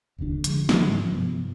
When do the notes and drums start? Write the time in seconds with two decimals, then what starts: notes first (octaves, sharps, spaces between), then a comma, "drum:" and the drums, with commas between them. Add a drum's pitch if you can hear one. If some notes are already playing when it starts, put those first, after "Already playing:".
0.18 F1 D#2 D3 D4
0.44 D3 F3 G#3, drum: hi-hat
0.69 drum: snare
0.89 G#2 F3
1.12 G2 C3 F3 B3